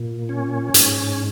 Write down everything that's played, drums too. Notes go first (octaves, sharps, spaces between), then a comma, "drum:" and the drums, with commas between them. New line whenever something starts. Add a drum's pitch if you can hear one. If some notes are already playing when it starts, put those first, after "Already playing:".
Already playing: A#2
C#4
G#2, drum: hi-hat